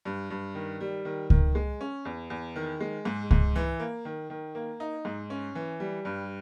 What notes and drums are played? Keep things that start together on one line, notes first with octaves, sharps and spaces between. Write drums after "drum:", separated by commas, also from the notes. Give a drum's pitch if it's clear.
G2
G2
D#3
G3
D#3
D#3, drum: kick C#2
G#3
C#4
E2
E2
D#3
G#3
G#2
G#2, drum: kick C#2
E3
A#3
D#3
D#3
A#3
D#4
G#2
C#4
E3
G3
G2